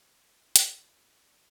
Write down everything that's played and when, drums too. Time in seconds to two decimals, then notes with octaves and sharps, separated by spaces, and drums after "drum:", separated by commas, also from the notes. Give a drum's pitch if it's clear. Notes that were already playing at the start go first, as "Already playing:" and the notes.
0.15 D2 C#4 C#5 B5
0.56 C4 E4 G#4 D5, drum: hi-hat